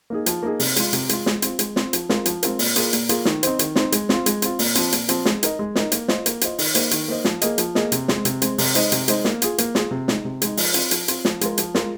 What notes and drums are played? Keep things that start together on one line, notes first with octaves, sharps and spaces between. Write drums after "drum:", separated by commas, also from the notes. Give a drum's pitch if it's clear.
A#3 D#4 G#4
F3, drum: hi-hat
A#3 D#4 G#4
C3, drum: open hi-hat
G#3 F4, drum: hi-hat
C3, drum: hi-hat
G#3 F4, drum: hi-hat
G#3, drum: snare
C4 F4, drum: hi-hat
G#3, drum: hi-hat
C4 F4, drum: snare
F3, drum: hi-hat
G#3 C4 F4 A#4, drum: snare
F3, drum: hi-hat
G#3 C4 F4 A#4, drum: hi-hat
A#2, drum: open hi-hat
A#3 F4 G#4, drum: hi-hat
A#2, drum: hi-hat
A#3 F4 G#4, drum: hi-hat
D#3, drum: snare
C4 D#4 C5, drum: hi-hat
D#3, drum: hi-hat
C4 D#4 C5, drum: snare
G#3, drum: hi-hat
C4 F4, drum: snare
G#3, drum: hi-hat
C4 F4, drum: hi-hat
A#2, drum: open hi-hat
F3 C4, drum: hi-hat
A#2, drum: hi-hat
F3 C4, drum: hi-hat
G#3, drum: snare
D#4 A#4 D#5, drum: hi-hat
G#3
D#4 A#4 D#5, drum: snare
A#3, drum: hi-hat
F4 C5 D#5, drum: snare
A#3, drum: hi-hat
F4 C5 D#5, drum: hi-hat
D#3, drum: open hi-hat
A#3 D#4 C5 D#5, drum: hi-hat
D#3, drum: hi-hat
A#3 D#4 C5 D#5
F3, drum: snare
A#3 G#4 D#5, drum: hi-hat
F3, drum: hi-hat
A#3 G#4 D#5, drum: snare
C3, drum: hi-hat
G#3 C4, drum: snare
C3, drum: hi-hat
G#3 C4, drum: hi-hat
C3, drum: open hi-hat
G#3 D#4 C5 D#5, drum: hi-hat
C3, drum: hi-hat
G#3 D#4 C5 D#5, drum: hi-hat
A#3, drum: snare
F4 G#4, drum: hi-hat
A#3, drum: hi-hat
F4 G#4, drum: snare
C3
G#3 D#4, drum: snare
C3
G#3 D#4, drum: hi-hat
F3, drum: open hi-hat
C4 F4, drum: hi-hat
F3, drum: hi-hat
C4 F4, drum: hi-hat
F3, drum: snare
G#3 F4 A#4, drum: hi-hat
F3, drum: hi-hat
G#3 F4 A#4, drum: snare